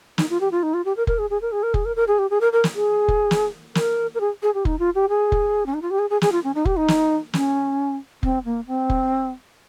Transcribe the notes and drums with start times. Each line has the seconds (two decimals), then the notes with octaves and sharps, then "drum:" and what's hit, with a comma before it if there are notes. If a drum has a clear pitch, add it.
0.18 D#4, drum: snare
0.30 F4
0.41 G4
0.51 F4
0.63 D#4
0.74 F4
0.85 G4
0.97 A#4
1.07 A#4, drum: kick F1
1.19 G#4
1.30 G#4
1.41 A#4
1.52 G#4
1.63 A#4
1.74 G#4, drum: kick F1
1.85 A#4
1.96 A#4
2.08 G#4
2.19 G4
2.30 G#4
2.41 A#4
2.52 A#4
2.64 drum: snare
2.75 G#4
3.08 drum: kick F1
3.31 drum: snare
3.75 A#4, drum: snare
4.14 A#4
4.20 G#4
4.43 G#4
4.54 G4
4.65 D#4, drum: kick F1
4.79 F4
4.95 G4
5.09 G#4
5.32 drum: kick F1
5.66 C#4
5.74 D#4
5.82 F4
5.90 G4
5.99 G#4
6.10 G#4
6.22 G#4, drum: snare
6.32 F4
6.44 C#4
6.55 D#4
6.65 G4, drum: kick F1
6.77 D#4
6.88 drum: snare
7.34 C#4, drum: snare
8.23 C4, drum: kick F1
8.45 A#3
8.67 C4
8.90 drum: kick F1